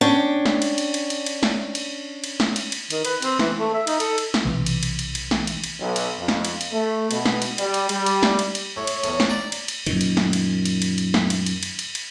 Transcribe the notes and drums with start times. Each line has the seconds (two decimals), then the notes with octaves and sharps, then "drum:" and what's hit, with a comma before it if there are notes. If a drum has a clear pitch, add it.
0.01 C#4 D4 G5
0.46 drum: snare
0.62 drum: cymbal
0.78 drum: cymbal
0.94 drum: cymbal
1.10 drum: cymbal
1.26 drum: cymbal
1.43 drum: snare
1.75 drum: cymbal
2.24 drum: cymbal
2.40 drum: snare
2.56 drum: cymbal
2.72 drum: cymbal
2.90 D#3, drum: cymbal
3.05 B4, drum: cymbal
3.22 C4, drum: cymbal
3.39 E3, drum: snare
3.59 A3
3.74 E5
3.87 D#4, drum: cymbal
4.00 A4, drum: cymbal
4.18 drum: cymbal
4.34 drum: snare
4.44 B1 C3 E3
4.66 drum: cymbal
4.83 drum: cymbal
4.99 drum: cymbal
5.15 drum: cymbal
5.31 drum: snare
5.47 drum: cymbal
5.64 drum: cymbal
5.80 B1
5.96 drum: cymbal
6.19 F2
6.28 drum: snare
6.45 drum: cymbal
6.61 drum: cymbal
6.72 A3
7.11 B2, drum: cymbal
7.25 drum: snare
7.42 drum: cymbal
7.58 G3, drum: cymbal
7.74 drum: cymbal
7.89 G3, drum: cymbal
8.06 drum: cymbal
8.23 drum: snare
8.39 drum: cymbal
8.55 drum: cymbal
8.76 A2 C#5
8.87 drum: cymbal
9.03 E2 A2, drum: cymbal
9.20 drum: snare
9.29 D5 A#5
9.52 drum: cymbal
9.68 drum: cymbal
9.86 F#2 A#2 D#3, drum: cymbal
10.01 drum: cymbal
10.17 drum: snare
10.33 drum: cymbal
10.65 drum: cymbal
10.82 drum: cymbal
10.98 drum: cymbal
11.14 drum: snare
11.30 drum: cymbal
11.46 drum: cymbal
11.63 drum: cymbal
11.79 drum: cymbal
11.95 drum: cymbal